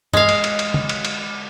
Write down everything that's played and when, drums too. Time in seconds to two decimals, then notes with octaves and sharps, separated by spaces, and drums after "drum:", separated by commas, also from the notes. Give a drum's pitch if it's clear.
0.13 G#3 F5, drum: tom G2
0.29 drum: cymbal
0.44 drum: cymbal
0.59 drum: cymbal
0.74 drum: tom C#3
0.89 drum: cymbal
1.05 drum: cymbal